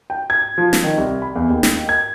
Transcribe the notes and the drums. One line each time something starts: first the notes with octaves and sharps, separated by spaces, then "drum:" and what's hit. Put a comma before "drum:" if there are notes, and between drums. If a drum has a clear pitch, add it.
G5
G#6
F3
drum: snare
D#3
C2
B5
E2
D#2
drum: snare
G#6